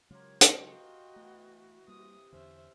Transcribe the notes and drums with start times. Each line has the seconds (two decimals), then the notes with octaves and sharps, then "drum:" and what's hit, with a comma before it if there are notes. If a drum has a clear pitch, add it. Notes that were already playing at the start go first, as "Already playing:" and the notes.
0.11 C#3 F#3 G#3 F4 G4 A#4 C#5
0.41 drum: hi-hat
0.52 F#4 C5 D#5 G5
1.16 B2 E3 A3
1.88 C3 G3 A#3 D#5 D#6
2.32 E2 D3 C#4 C5 E5